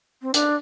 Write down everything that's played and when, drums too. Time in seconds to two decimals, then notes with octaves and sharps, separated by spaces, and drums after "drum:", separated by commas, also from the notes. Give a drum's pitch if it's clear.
0.22 C4
0.34 D4, drum: hi-hat